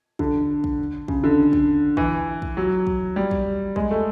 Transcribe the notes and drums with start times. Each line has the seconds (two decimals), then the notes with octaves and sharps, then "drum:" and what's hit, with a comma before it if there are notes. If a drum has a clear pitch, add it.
0.19 D3, drum: kick
0.64 drum: kick
1.08 C#3, drum: kick
1.24 D3
1.53 drum: kick
1.97 E3, drum: kick
2.42 drum: kick
2.57 F#3
2.87 drum: kick
3.16 G3
3.31 drum: kick
3.76 G#3, drum: kick
3.91 A3